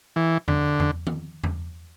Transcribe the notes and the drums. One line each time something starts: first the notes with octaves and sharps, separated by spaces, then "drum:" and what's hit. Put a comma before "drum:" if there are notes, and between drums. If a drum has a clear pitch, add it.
E3
D3, drum: tom E2
drum: tom E2
drum: tom D#3
drum: tom E2